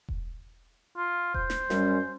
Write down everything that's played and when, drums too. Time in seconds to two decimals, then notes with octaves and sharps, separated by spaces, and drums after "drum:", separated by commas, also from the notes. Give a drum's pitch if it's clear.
0.09 drum: kick E1
0.97 F4
1.34 C5, drum: kick E1
1.50 drum: snare
1.70 F#2 G3 C#4, drum: snare